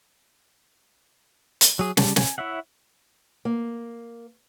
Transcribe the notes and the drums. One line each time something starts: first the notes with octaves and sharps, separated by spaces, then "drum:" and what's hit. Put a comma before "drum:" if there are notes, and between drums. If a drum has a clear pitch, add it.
drum: hi-hat
F#3 G#4
C#3 G3 A5, drum: snare
G#5, drum: snare
E4 C#5 E5 F#5
A#3